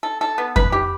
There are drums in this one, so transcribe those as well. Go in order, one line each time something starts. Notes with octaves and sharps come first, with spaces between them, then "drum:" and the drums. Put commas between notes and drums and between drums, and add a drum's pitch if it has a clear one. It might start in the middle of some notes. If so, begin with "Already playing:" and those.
A4
A4
B3
B4, drum: kick F2
G4